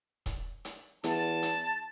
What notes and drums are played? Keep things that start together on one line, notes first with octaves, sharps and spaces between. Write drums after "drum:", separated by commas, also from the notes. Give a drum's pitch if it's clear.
drum: kick D#1, hi-hat
drum: hi-hat
E2 A5, drum: hi-hat
drum: hi-hat